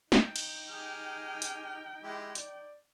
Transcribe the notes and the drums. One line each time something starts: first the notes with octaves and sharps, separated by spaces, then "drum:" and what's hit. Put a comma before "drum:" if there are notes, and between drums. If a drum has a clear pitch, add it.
D#4 G5, drum: snare
drum: cymbal
G4 G#4 F6
drum: hi-hat
G#3 E4 G4
D5, drum: hi-hat